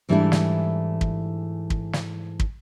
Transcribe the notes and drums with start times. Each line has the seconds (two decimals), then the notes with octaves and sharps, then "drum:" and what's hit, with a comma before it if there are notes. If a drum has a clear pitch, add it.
0.09 G#2 E3 G3 A3 D4 E4
0.32 drum: snare
1.01 drum: kick
1.70 drum: kick
1.93 drum: snare
2.40 drum: kick